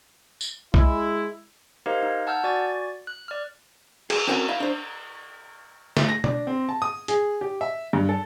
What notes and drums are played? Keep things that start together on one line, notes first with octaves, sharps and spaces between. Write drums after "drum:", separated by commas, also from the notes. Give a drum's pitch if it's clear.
drum: tambourine
G#3 E4, drum: kick B1
D#4 G4 A#4 C5 D#5 F5
D#4
F#5 A5 E6 F6 G6
F#4 D5 G#5 A6
F#6
D5 F6
G#4, drum: cymbal
C4 C#4 F#4 A4 A#4 G#5
D#4 E5 F5 B5
D4 C5
A3, drum: snare
A#6
D4, drum: tom
C4
A5
D#6
G#4, drum: hi-hat
G4
E5
G2
A4